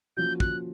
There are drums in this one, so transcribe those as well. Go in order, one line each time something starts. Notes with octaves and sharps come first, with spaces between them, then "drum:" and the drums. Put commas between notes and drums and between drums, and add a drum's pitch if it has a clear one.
F3 A#3 C#4 F#4 G6
F#6, drum: kick